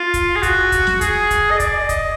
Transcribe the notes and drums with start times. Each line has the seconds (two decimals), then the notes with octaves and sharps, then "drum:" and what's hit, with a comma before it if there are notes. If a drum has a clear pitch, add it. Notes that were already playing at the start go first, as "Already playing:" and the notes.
Already playing: F4
0.14 drum: kick, hi-hat
0.36 G#4
0.43 F#4, drum: kick, hi-hat
0.72 drum: kick, hi-hat
0.87 drum: snare
1.01 G#4, drum: kick, hi-hat
1.31 drum: kick, hi-hat
1.51 D#5
1.60 D5, drum: kick, hi-hat
1.89 D#5, drum: kick, hi-hat